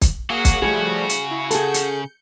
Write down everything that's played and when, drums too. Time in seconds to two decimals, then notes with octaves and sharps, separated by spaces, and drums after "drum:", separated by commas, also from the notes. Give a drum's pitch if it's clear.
0.01 drum: kick, hi-hat
0.30 F#3 A#3 F#4 G#4 F5
0.45 drum: kick, hi-hat
0.62 C#3 F3 G3 A3 G#4
1.09 drum: hi-hat
1.31 E4
1.51 G#4 A4 G6 C#7, drum: hi-hat
1.74 drum: hi-hat